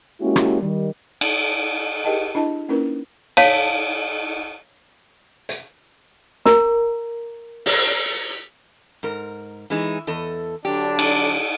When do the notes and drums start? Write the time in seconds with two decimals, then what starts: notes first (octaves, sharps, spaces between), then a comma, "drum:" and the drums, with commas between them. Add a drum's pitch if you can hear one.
0.21 G#3 A#3 C#4 E4 F#4 G4
0.36 drum: rim click
0.61 D#3 G3
1.21 drum: cymbal
2.04 G4 G#4 A#4 D#5 G5 A5
2.35 D4 E4 D#5 A5
2.69 A#3 C#4 D#4 E4 A#4 B4
3.37 C#5 F5 A5, drum: cymbal
5.49 drum: hi-hat
6.46 A#4 A#5, drum: snare
7.66 drum: open hi-hat
9.03 G#2 A#4
9.70 E3 G#3 D#4
10.07 E2 A4 D#5
10.65 D3 F#3 D4 G4
10.99 drum: cymbal